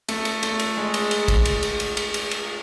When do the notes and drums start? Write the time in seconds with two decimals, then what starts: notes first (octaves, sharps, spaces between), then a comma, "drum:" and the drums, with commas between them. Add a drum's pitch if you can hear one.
0.09 A3, drum: cymbal
0.25 drum: cymbal
0.43 A3, drum: cymbal
0.59 drum: cymbal
0.77 G#3
0.94 drum: cymbal
1.11 drum: cymbal
1.28 drum: kick, cymbal
1.45 drum: cymbal
1.63 drum: cymbal
1.80 drum: cymbal
1.97 drum: cymbal
2.14 drum: cymbal
2.31 drum: cymbal